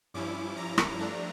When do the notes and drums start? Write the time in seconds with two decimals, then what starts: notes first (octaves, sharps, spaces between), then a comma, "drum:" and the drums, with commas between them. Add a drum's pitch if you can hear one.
0.14 G2 F3 C#4 E4 D6
0.57 A#5
0.78 drum: rim click
0.99 G2 F3 A3 D4 A#5